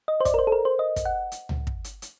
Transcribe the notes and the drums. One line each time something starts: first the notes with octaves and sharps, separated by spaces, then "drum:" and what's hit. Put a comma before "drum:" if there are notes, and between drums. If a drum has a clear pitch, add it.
D#5
C5
D5, drum: kick, hi-hat
A#4
C5
A4
A#4
C5
D#5
drum: kick, hi-hat
F#5
drum: hi-hat
drum: tom C#2
drum: kick
drum: hi-hat
drum: hi-hat